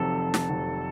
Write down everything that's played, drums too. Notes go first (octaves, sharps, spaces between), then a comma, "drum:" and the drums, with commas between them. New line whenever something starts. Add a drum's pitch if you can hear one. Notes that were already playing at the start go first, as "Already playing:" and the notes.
Already playing: F1 F2 C3 D#3 F#3 A4
drum: snare
F1 F2 C3 D#3 F#3